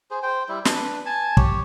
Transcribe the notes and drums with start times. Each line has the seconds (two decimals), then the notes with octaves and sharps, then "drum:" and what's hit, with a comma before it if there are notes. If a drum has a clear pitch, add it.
0.11 G#4 C5
0.23 C5 G5
0.49 G3 E4
0.65 D4 B4, drum: snare
1.06 G#5 A5
1.37 G4 C#5, drum: kick